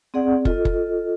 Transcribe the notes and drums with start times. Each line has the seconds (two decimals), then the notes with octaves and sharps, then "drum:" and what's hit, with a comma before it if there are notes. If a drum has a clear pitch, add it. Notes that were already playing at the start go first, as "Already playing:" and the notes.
0.14 C4 G#4 D5 F#5
0.45 F4 A4 D#5, drum: kick
0.65 drum: kick